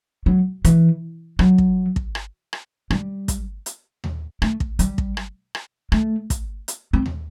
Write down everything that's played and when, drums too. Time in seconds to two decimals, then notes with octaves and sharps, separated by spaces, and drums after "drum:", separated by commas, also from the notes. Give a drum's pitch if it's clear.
0.26 F#3
0.65 E3, drum: hi-hat
1.39 F#3, drum: rim click
1.58 drum: kick
1.96 drum: kick
2.15 drum: rim click
2.53 drum: rim click
2.91 G3, drum: rim click
3.28 drum: kick, hi-hat
3.66 drum: hi-hat
4.04 drum: tom D#2
4.42 A3, drum: rim click
4.60 drum: kick
4.79 G3, drum: hi-hat
4.98 drum: kick
5.17 drum: rim click
5.55 drum: rim click
5.92 A3, drum: rim click
6.30 drum: kick, hi-hat
6.68 drum: hi-hat
6.93 C4
7.06 drum: tom D#2